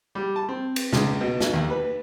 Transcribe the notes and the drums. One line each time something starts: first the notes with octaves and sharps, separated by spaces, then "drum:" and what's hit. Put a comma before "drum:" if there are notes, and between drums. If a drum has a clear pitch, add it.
G3
A5
C4
drum: cymbal
C#2, drum: snare
B2
drum: snare
D#2
B4